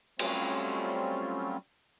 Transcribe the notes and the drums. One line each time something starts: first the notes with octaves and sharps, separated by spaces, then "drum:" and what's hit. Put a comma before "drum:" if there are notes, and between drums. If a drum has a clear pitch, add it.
F#3 G3 A3 C4 C#4 F4, drum: cymbal